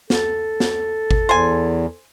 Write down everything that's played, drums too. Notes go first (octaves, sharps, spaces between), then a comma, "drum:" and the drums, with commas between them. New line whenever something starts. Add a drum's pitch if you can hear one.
A4, drum: snare
drum: snare
drum: kick G#1
E2 C5 G#5